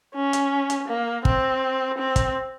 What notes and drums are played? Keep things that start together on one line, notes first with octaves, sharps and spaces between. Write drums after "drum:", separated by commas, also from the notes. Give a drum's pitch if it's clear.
C#4
drum: hi-hat
drum: hi-hat
A#3
C4, drum: kick
C4
drum: kick, hi-hat